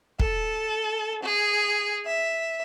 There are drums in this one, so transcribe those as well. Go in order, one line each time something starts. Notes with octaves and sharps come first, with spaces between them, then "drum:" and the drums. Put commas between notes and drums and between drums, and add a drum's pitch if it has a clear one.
A4, drum: kick
G#4
E5